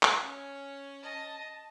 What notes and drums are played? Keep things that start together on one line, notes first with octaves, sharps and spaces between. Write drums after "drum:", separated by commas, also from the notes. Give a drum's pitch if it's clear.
drum: clap
C#4
D#5 A5